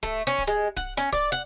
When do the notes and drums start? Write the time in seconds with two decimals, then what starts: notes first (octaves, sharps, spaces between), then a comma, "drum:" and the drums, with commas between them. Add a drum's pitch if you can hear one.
0.03 A3, drum: kick D1, hi-hat
0.27 C#4
0.38 drum: kick D1, open hi-hat
0.47 G#3
0.77 F#5, drum: kick D1, hi-hat
0.97 C#4
1.13 D5, drum: kick D1, open hi-hat
1.32 F#5